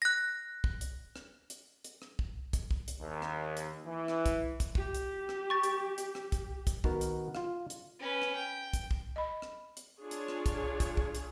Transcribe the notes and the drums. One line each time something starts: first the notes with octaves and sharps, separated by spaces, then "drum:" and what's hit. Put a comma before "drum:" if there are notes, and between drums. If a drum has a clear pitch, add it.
F#6 A#6
drum: kick
drum: hi-hat
drum: rim click
drum: hi-hat
drum: hi-hat
drum: rim click
drum: kick
drum: kick, hi-hat
drum: kick
drum: hi-hat
D#2
drum: rim click
drum: hi-hat
E3
drum: rim click
drum: kick, hi-hat
drum: kick, hi-hat
G4, drum: kick
drum: hi-hat
drum: rim click
C#6 A6
drum: hi-hat
drum: hi-hat
drum: rim click
drum: kick, hi-hat
drum: kick, hi-hat
D#3 B3 F#4 A#4, drum: kick
drum: hi-hat
F4 F5, drum: rim click
drum: hi-hat
C#4 B4
drum: rim click
G5
drum: kick, hi-hat
drum: kick
D#5 B5
drum: rim click
drum: hi-hat
D4 F4 G#4 C#5
drum: hi-hat
drum: rim click
drum: kick, hi-hat
drum: kick, hi-hat
drum: kick
drum: hi-hat